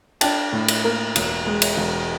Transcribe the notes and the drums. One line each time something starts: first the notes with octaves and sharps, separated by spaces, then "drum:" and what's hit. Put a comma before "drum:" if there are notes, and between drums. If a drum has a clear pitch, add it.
D4 G5 A5, drum: cymbal
A2
drum: cymbal
A#3
E1, drum: cymbal
G#3
drum: cymbal
E1